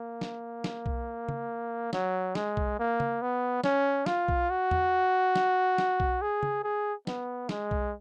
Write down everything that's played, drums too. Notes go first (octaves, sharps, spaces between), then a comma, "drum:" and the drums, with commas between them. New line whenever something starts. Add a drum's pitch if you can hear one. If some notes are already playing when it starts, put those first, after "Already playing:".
Already playing: A#3
drum: snare
drum: snare
drum: kick B1
drum: tom
F#3, drum: snare
G#3, drum: snare
drum: kick B1
A#3
drum: tom
B3
C#4, drum: snare
F4, drum: snare
drum: kick B1
F#4
drum: tom E2
drum: snare
drum: snare
drum: kick B1
G#4
drum: tom
G#4
B3, drum: snare
G#3, drum: snare
drum: kick B1